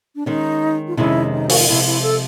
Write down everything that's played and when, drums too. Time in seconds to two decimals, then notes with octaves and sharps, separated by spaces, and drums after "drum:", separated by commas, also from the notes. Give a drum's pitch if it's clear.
0.15 D4
0.26 D#3 G#3 C#4 D#4
0.87 F4
0.97 F2 C3 D#3 G#3 C#4 E4
1.32 D#4
1.49 F#4, drum: open hi-hat
1.59 F4
1.68 C3 F3 G#3 E4
1.86 E4
2.03 A4